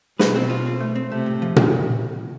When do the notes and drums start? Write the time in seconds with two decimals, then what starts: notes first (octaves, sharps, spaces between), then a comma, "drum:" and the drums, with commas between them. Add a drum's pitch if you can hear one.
0.19 B2 B4, drum: snare
0.36 C4
0.50 F4
0.66 C4
0.80 A3
0.95 C4
1.11 C3 A3
1.26 A2
1.42 F3
1.56 drum: tom A#2